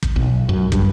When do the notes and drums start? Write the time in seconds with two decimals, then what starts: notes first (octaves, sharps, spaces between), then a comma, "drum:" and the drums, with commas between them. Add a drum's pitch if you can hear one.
0.03 drum: kick
0.16 B1
0.49 F#2
0.72 G2, drum: kick